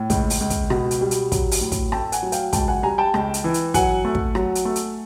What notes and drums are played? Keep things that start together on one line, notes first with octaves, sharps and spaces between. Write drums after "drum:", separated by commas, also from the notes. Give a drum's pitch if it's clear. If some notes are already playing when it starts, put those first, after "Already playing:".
Already playing: A2
C#2, drum: kick, hi-hat
drum: open hi-hat
C#2
drum: kick, hi-hat
B2, drum: rim click
drum: hi-hat
G3
drum: hi-hat
F#3, drum: kick, hi-hat
drum: open hi-hat
A2
drum: kick, hi-hat
A3 G5 A5, drum: rim click
F#5 G#5, drum: hi-hat
F#3
F5 G5, drum: hi-hat
C#2 G5 A5, drum: kick, hi-hat
F#5 G#5
G3 G#5 A#5
G5 A5
C#2, drum: rim click
drum: hi-hat
E3
drum: hi-hat
F#3 F#5 G#5, drum: kick, hi-hat
A3
drum: kick
F#3, drum: rim click
drum: hi-hat
A3
drum: hi-hat